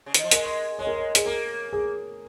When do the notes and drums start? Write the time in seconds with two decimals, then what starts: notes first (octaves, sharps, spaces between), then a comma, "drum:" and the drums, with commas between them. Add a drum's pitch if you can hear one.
0.06 C#3
0.14 D#3, drum: hi-hat
0.24 F3
0.31 G#3 A#4, drum: hi-hat
0.79 G#3 C#5
0.87 A#4
0.96 C#5
1.15 G#4, drum: hi-hat
1.25 A#3 A#4
1.73 G#4